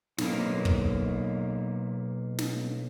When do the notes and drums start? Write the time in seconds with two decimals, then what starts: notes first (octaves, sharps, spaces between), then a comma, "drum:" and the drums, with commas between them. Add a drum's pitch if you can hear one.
0.18 B1 A#3, drum: snare
0.65 drum: kick
2.39 drum: snare